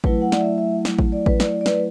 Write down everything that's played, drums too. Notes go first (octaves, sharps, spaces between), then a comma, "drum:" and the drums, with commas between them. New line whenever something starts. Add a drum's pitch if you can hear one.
F#3 A3 E4 B4, drum: kick A1
F#5
D5, drum: snare
E5
E5
drum: snare
drum: kick A1
D5
B4, drum: kick A1
D5, drum: snare
D5
B4, drum: snare